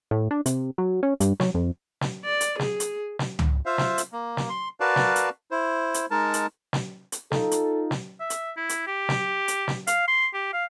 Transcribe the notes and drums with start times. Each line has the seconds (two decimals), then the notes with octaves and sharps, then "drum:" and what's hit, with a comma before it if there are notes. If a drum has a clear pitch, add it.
0.11 A2
0.31 D4
0.46 C3, drum: hi-hat
0.78 F#3
1.03 C#4
1.20 G2, drum: hi-hat
1.40 F#3, drum: snare
1.54 F2
2.01 drum: snare
2.25 D5
2.41 drum: hi-hat
2.59 G#4, drum: snare
2.80 drum: hi-hat
3.19 drum: snare
3.39 drum: tom
3.66 F4 C5 E5 F5
3.78 drum: snare
3.98 drum: hi-hat
4.13 A#3
4.37 drum: snare
4.49 C6
4.80 F#4 A#4 B4 D5 F5 A5
4.96 drum: snare
5.16 drum: hi-hat
5.51 E4 C5
5.94 drum: hi-hat
6.11 G#3 D#4 A#4 A5
6.34 drum: hi-hat
6.73 drum: snare
7.12 drum: hi-hat
7.32 D#4 F4 A4, drum: snare
7.51 drum: hi-hat
7.91 drum: snare
8.20 E5
8.30 drum: hi-hat
8.57 E4
8.69 drum: hi-hat
8.87 G4
9.09 drum: snare
9.48 drum: hi-hat
9.68 drum: snare
9.87 F5, drum: hi-hat
10.08 C6
10.34 G4
10.53 F5